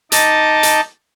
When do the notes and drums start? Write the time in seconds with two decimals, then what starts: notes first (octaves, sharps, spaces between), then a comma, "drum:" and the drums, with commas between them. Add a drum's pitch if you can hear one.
0.12 D#4 D#5 A5 D6, drum: hi-hat
0.63 drum: hi-hat